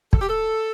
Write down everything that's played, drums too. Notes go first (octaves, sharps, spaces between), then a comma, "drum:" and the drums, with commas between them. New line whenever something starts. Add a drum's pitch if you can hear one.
A4, drum: kick
G4
A4